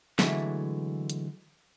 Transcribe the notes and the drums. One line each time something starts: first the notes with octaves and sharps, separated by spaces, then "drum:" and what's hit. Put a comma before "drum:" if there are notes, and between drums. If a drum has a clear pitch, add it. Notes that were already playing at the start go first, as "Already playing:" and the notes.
D3 E3 F#3 G#3 A3, drum: snare
drum: hi-hat